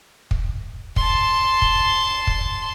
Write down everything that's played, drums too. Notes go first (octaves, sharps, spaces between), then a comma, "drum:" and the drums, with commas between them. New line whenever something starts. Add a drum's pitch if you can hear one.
drum: kick
A5 C6, drum: kick
drum: kick
drum: kick